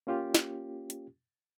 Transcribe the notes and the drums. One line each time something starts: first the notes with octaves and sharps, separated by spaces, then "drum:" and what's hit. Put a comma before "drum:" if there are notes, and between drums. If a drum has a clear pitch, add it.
A#3 C#4 F4 G4
drum: snare
drum: hi-hat